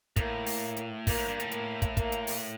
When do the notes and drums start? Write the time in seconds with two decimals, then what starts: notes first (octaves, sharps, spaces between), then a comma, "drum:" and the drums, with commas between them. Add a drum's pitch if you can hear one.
0.16 A2 A#3, drum: kick, hi-hat
0.46 drum: open hi-hat
0.76 drum: hi-hat
1.07 A#2 A#3, drum: kick, open hi-hat
1.17 A2
1.28 G2
1.40 A2, drum: hi-hat
1.51 A#3, drum: hi-hat
1.82 drum: kick, hi-hat
1.97 A#3, drum: kick, hi-hat
2.12 drum: hi-hat
2.27 drum: open hi-hat